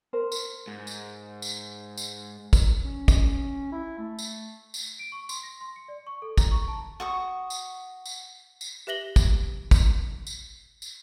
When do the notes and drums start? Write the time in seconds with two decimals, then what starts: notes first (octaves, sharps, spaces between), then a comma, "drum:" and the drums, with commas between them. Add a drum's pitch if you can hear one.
0.13 A#4 C5
0.32 drum: tambourine
0.68 G#2
0.87 drum: tambourine
1.42 drum: tambourine
1.98 drum: tambourine
2.53 drum: kick, tambourine
2.81 C#4
3.08 drum: kick, tambourine
3.72 E4
3.98 A3
4.19 drum: tambourine
4.74 drum: tambourine
4.99 D7
5.12 C#6
5.29 C6, drum: tambourine
5.43 A#6
5.61 C6
5.76 C#7
5.88 D5
6.07 C#6
6.22 A4
6.38 A#5, drum: kick, tambourine
6.51 C#6
6.68 A5
7.00 F#4 C#6 D#6
7.50 drum: tambourine
8.06 drum: tambourine
8.61 drum: tambourine
8.87 G4 B4 E5 A#6 F#7 G7
9.16 drum: kick, tambourine
9.71 drum: kick, tambourine
10.27 drum: tambourine
10.82 drum: tambourine